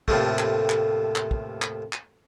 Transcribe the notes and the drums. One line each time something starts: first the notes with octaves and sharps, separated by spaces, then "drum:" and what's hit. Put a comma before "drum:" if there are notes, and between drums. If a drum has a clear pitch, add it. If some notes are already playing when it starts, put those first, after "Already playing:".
D#2 A2 C3 F3 A3, drum: kick
drum: clap
drum: clap
drum: clap
drum: kick
drum: clap
drum: clap